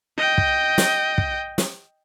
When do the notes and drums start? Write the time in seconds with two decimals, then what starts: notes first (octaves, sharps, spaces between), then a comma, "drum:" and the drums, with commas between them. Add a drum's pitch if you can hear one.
0.18 D#5 G5
0.38 drum: kick
0.78 drum: snare
1.18 drum: kick
1.58 drum: snare